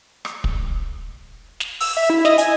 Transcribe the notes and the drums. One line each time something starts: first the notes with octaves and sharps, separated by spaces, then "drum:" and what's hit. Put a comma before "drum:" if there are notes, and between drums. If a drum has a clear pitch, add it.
drum: rim click
drum: kick
drum: snare
E6, drum: open hi-hat
E5
E4
D#5, drum: snare
G#5, drum: hi-hat